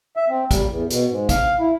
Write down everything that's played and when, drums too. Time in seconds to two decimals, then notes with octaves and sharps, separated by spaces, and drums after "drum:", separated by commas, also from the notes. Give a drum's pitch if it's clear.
0.17 E5
0.29 C4
0.51 G3, drum: kick, hi-hat
0.68 E2
0.90 B2, drum: hi-hat
1.09 G#2
1.29 F5, drum: kick, hi-hat
1.59 E4